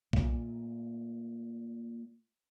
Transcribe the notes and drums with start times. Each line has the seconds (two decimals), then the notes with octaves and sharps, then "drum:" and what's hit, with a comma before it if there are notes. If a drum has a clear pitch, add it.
0.13 A#2 A3, drum: kick B1